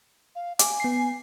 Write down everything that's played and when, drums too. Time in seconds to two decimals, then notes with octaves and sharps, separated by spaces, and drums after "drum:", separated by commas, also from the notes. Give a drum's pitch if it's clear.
0.35 F5
0.59 G#5 D6, drum: hi-hat
0.80 B3 C7